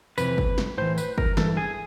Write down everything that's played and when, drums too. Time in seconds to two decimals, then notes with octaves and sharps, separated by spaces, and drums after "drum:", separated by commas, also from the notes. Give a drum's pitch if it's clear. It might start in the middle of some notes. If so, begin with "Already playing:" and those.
0.18 F2 C3 E3 B4, drum: tambourine
0.38 drum: kick
0.58 drum: snare
0.78 A2 E3 C5
0.98 B4, drum: tambourine
1.18 A#4, drum: kick
1.37 G2 E3 A4, drum: snare
1.57 G#4